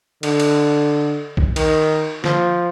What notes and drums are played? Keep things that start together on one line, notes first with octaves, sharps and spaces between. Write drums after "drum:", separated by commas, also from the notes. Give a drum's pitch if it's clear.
D3, drum: cymbal
drum: cymbal
drum: kick B1
D#3, drum: cymbal
F3, drum: snare